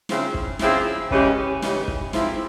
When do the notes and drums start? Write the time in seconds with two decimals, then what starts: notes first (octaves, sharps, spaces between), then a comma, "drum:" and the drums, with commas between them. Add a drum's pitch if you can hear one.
0.09 C#3 F3 C4 E4 G#4, drum: snare
0.34 drum: kick
0.59 C#3 F3 C4 E4 G#4, drum: snare
1.11 C#3 E3 G#3 C#4 G4, drum: kick
1.62 C#3 E3 G#3 C#4 G4, drum: snare
1.88 drum: kick
2.13 G#2 F3 C4 E4, drum: snare